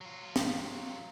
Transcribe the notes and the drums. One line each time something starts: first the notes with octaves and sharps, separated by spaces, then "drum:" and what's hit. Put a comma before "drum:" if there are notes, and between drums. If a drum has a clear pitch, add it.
F#3 F4
drum: snare